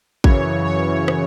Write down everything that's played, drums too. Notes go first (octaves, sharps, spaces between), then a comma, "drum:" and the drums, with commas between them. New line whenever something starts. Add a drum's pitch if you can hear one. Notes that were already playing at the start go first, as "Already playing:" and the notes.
F#2 C#3 E3 C#5, drum: kick A1
C#5
drum: rim click